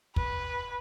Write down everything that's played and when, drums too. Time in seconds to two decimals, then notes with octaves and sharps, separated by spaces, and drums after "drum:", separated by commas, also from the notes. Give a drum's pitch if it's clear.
0.16 B4, drum: kick